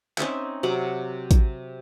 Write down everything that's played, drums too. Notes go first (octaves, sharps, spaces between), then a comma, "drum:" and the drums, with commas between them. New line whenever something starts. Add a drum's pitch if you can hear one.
C4 C#4 D#4 E5, drum: clap
C3 F#3 F#5 D6
drum: kick, hi-hat